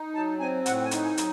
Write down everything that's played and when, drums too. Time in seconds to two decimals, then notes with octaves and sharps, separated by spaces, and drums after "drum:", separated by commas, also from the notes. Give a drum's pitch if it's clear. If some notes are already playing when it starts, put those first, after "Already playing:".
Already playing: D#4
0.14 F#3 A5
0.40 C4 G#5
0.66 A2 F#5, drum: hi-hat
0.85 G#5
0.91 D#4, drum: hi-hat
1.04 G#5
1.17 F#3, drum: hi-hat